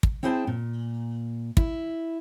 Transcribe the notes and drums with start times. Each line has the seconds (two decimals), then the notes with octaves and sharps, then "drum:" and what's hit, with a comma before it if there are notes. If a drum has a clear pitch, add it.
0.03 drum: kick
0.23 C4 E4 G#4 C5 G5 A5
0.47 A#2
1.57 E4, drum: kick